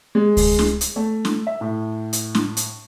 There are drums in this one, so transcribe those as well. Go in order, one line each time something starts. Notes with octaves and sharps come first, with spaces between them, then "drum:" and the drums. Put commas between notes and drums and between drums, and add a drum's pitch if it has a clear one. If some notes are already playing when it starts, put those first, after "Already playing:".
G#3
drum: kick C#2, open hi-hat
drum: snare
drum: hi-hat
A3
drum: snare
E5
A2
drum: hi-hat
drum: snare
drum: hi-hat